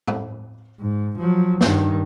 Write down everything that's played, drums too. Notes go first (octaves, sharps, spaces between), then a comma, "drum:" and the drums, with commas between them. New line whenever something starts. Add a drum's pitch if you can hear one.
drum: tom
G#2
F3 F#3
G2 D#3, drum: snare